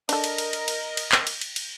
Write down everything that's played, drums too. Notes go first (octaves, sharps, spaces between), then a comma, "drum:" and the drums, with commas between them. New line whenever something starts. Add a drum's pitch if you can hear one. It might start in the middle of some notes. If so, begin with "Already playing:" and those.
D4 A4 A#4 D#5, drum: cymbal
drum: cymbal
drum: cymbal
drum: cymbal
drum: cymbal
drum: cymbal
drum: clap
drum: cymbal
drum: cymbal
drum: cymbal